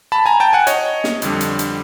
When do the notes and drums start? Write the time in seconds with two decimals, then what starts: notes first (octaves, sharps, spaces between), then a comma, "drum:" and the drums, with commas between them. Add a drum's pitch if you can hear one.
0.12 A5 B5
0.26 G#5 A#5
0.40 G5 A5
0.53 F#5 G#5
0.67 C#5 D#5, drum: hi-hat
1.04 drum: snare
1.22 F2 D3 G3, drum: hi-hat
1.41 drum: hi-hat
1.59 drum: hi-hat